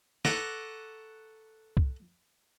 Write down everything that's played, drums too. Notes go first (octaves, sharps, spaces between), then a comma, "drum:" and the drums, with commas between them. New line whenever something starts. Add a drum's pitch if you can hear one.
A4 B4 F#5 A#5 C#6 D6, drum: snare
drum: kick